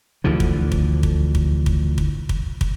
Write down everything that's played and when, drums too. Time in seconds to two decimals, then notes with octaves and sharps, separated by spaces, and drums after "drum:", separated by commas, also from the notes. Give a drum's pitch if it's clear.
0.24 D2 D3 E3 F3
0.40 drum: kick
0.72 drum: kick
1.03 drum: kick
1.35 drum: kick
1.66 drum: kick
1.98 drum: kick
2.29 drum: kick
2.61 drum: kick